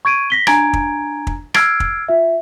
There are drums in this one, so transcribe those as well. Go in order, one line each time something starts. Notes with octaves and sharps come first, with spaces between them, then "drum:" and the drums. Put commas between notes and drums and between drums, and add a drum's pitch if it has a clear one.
C#6 G#6 D7 D#7
A#6 B6 G7
D4 G#5 A#5 G#6 D7, drum: rim click
drum: kick
drum: kick
E6 F6 G#6 C7 D7, drum: rim click
drum: kick
F4 E5